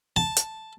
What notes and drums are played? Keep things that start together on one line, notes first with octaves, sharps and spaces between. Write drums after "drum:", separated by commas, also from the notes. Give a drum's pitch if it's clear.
A5
drum: hi-hat